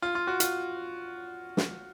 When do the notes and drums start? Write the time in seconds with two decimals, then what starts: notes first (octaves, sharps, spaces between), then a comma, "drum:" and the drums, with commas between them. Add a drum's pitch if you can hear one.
0.02 F4
0.15 F4
0.27 F#4
0.40 F4, drum: hi-hat
1.57 drum: snare